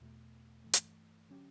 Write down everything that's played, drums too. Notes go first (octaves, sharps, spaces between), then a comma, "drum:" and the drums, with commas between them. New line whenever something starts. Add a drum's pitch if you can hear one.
E2 B2 A3
G2 E3 A3
drum: hi-hat
D3 F#3 C#4 G4